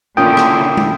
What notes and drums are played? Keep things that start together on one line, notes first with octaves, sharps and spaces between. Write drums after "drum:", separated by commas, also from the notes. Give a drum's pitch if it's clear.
A#2 D3 C#4 E4 F4 A#4 G5 D#6
drum: rim click
drum: tom